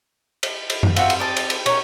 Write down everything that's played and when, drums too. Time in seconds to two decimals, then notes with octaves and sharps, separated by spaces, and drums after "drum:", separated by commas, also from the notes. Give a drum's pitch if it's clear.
0.43 drum: cymbal
0.70 drum: cymbal
0.83 drum: tom F#2
0.96 C4 F4 F#4 E5, drum: cymbal
1.10 drum: cymbal
1.19 D5 D#5 A5
1.37 drum: cymbal
1.50 drum: cymbal
1.66 C#4 A#4, drum: cymbal